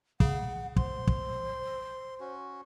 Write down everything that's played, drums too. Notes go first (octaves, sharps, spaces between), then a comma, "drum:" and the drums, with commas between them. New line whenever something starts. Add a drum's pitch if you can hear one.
C#3 F#5, drum: kick
C5 C6, drum: kick
drum: kick
C#4 F#4